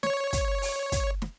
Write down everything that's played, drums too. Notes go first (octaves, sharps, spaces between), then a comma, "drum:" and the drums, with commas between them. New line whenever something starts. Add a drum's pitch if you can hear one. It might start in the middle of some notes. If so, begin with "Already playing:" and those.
C#5, drum: snare
drum: kick, hi-hat
drum: open hi-hat
drum: kick, hi-hat
drum: snare